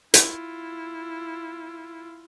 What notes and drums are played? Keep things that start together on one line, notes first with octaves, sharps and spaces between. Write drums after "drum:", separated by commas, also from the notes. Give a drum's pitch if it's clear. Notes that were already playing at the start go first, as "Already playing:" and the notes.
E4 F4, drum: hi-hat